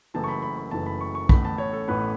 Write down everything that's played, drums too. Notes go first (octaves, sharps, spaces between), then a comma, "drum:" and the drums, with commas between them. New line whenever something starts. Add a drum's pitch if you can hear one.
F#1 F#2 E3 A3 A5
C#6
B5
B5
C#6
F#1 F#2 E3 A3 A5
B5
C#6
C#6
A1 A2 E3 B3 B5, drum: kick
A5
C#5
A4
A1 A2 E3 B3 B4